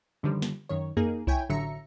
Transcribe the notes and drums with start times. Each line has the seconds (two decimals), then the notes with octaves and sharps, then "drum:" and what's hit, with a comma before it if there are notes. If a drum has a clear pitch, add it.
0.23 F#2 D3 D#3 F3 G3
0.42 drum: snare
0.69 F#2 D#3 C#5
0.97 A#3 D#4 G#4 A#4, drum: tom F2
1.27 E4 C#5 G5 G#5, drum: kick B1
1.49 A1 D3 F#3 E5 A#5 C#7